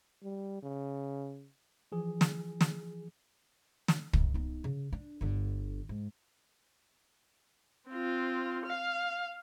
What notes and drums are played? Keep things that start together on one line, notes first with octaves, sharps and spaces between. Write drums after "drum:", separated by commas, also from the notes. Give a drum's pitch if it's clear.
G3
C#3
E3 F3 G#4
drum: snare
drum: snare
drum: snare
F#2, drum: kick
B3 D#4
C#3
D4
G1 D3
G#2
C4 F4
F5